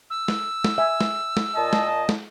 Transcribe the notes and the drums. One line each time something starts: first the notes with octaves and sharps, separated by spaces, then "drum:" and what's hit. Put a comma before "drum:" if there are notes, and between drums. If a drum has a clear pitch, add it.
E6
drum: snare
drum: snare
E5 G#5
drum: snare
drum: snare
A#2 D#5 A5
drum: snare
drum: snare